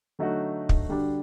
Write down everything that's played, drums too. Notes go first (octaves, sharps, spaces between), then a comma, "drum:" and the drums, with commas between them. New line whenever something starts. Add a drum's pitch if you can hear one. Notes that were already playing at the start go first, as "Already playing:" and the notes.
D3 F#3 A3 D#4 F#4
drum: kick
D3 G3 D4 F#4